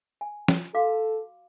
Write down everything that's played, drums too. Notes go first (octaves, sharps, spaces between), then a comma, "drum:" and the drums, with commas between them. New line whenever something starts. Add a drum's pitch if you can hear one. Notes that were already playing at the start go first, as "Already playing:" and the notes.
G#5
drum: snare
F#4 A4 F5 D6